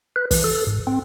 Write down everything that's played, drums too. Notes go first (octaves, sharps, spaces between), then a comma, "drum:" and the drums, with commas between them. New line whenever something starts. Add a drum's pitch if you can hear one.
B4
E3, drum: kick, open hi-hat
A4
G#2
C4